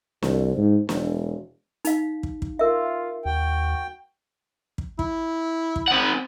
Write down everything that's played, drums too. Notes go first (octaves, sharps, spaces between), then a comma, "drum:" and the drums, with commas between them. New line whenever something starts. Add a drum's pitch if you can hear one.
C2, drum: snare
G#2
E1, drum: snare
D#4 F5, drum: hi-hat
drum: kick
drum: kick
F4 A#4 E5
D#2 F#4 G5
drum: kick
E4, drum: kick
drum: kick
C4 F#5